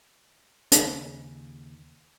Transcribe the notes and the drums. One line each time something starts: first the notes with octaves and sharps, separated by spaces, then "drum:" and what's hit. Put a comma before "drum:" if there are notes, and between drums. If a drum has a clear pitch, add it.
D#2 C#3, drum: hi-hat